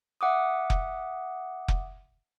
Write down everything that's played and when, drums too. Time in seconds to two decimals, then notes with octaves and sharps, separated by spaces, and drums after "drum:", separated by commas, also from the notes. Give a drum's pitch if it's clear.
0.21 E5 F#5 D6 D#6
0.70 drum: kick F1
1.68 drum: kick F1